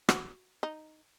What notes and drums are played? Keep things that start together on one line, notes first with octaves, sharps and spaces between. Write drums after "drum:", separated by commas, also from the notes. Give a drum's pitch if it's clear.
F#4, drum: rim click
D#4